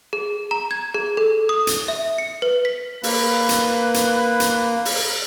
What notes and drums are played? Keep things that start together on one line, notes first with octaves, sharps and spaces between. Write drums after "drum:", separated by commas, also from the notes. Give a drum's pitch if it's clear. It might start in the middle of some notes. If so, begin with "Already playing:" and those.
G#4
A#5
G#6
G#4
A4
D#6
drum: hi-hat
E5
C#7
B4
B6
A#3 B4, drum: open hi-hat
drum: hi-hat
drum: hi-hat
drum: hi-hat
drum: open hi-hat